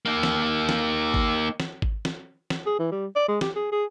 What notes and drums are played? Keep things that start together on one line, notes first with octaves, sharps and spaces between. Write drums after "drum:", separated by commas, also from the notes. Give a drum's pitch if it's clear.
A#3 D#4
drum: snare
drum: snare
drum: kick G#1
drum: snare
drum: kick G#1
drum: snare
drum: snare
G#4
E3
G3
D5
G#3
G4, drum: snare
G#4
G#4